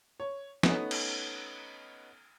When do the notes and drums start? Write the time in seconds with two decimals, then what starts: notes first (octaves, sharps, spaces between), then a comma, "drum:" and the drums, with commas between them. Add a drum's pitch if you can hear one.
0.20 C#5
0.63 A3 B3 C#4 D#4, drum: snare
0.91 drum: cymbal